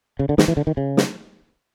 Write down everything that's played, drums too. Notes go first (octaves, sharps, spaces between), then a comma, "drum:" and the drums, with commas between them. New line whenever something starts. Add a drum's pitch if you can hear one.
C#3
D3
D#3, drum: snare
E3
D3
D#3
C#3
drum: snare